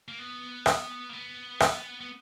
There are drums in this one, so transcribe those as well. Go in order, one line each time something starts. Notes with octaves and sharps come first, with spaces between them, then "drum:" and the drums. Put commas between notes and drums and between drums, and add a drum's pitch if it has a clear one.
A#3
B3
drum: rim click
A#3
B3
drum: rim click
B3